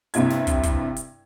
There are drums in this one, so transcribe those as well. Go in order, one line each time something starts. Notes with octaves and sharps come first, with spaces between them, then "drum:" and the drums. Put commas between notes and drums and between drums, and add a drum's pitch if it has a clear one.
G2 C3 E4 G#6, drum: hi-hat
drum: snare
drum: kick, hi-hat
drum: kick, hi-hat
drum: hi-hat